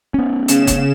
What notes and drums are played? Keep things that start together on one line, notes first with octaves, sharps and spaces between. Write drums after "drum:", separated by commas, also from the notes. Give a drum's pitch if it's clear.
B3 C#4
C#3 E7, drum: hi-hat
drum: kick F#1, hi-hat